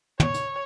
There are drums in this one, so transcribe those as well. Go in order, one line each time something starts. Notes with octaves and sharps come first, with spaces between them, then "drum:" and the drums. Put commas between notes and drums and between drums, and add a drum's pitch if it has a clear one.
C#5, drum: tom
drum: hi-hat